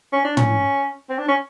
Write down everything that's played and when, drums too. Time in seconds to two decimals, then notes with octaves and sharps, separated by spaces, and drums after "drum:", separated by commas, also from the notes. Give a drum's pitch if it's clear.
0.12 C#4
0.25 D4
0.37 C#4, drum: tom
1.10 C4
1.19 D4
1.28 C#4